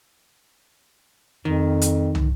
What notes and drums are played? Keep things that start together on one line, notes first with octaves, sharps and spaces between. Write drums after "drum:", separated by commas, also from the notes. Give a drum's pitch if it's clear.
F2 D#3
drum: hi-hat
drum: tom